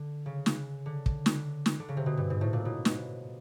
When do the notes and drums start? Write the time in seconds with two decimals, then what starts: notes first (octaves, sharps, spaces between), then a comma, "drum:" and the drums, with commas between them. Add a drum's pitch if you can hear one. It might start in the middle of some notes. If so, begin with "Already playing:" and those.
Already playing: D3
0.26 C#3
0.46 drum: snare
0.86 D3
1.06 drum: kick
1.26 drum: snare
1.66 drum: snare
1.80 D3
1.89 C#3
1.97 C3
2.06 B2
2.17 G2
2.30 G#2
2.41 A2
2.53 A#2
2.65 B2
2.85 drum: snare